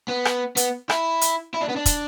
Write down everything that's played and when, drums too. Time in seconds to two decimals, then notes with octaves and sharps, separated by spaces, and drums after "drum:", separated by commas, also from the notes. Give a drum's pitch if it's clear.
0.09 B3
0.25 drum: rim click
0.57 B3, drum: hi-hat
0.90 E4, drum: rim click
1.21 drum: hi-hat
1.54 E4
1.61 D4
1.69 B3
1.76 D4
1.86 drum: kick, hi-hat